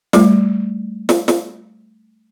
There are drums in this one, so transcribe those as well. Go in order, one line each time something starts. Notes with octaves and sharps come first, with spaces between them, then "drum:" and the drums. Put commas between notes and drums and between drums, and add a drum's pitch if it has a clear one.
G3 A3, drum: snare
drum: snare
drum: snare